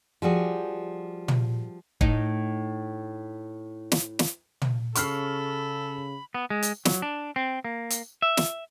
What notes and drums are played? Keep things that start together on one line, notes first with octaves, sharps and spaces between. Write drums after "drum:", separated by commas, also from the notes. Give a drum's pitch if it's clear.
F3 G3 F#4 G#4
drum: tom
A2 D#4, drum: kick
drum: snare
drum: snare
drum: tom
C#3 A4 B5 C#6 F6 C7, drum: hi-hat
B3
G#3
drum: hi-hat
F#3, drum: snare
D4
C4
A#3
drum: hi-hat
E5
drum: snare